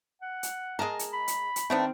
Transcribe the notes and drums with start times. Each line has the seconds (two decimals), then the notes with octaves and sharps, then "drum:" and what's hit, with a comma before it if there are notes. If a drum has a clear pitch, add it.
0.22 F#5
0.43 drum: hi-hat
0.79 G#3 G#4 A#4 D#5 A5
0.99 drum: hi-hat
1.13 B5
1.28 drum: hi-hat
1.56 drum: hi-hat
1.70 D#3 A3 B3 C4 D4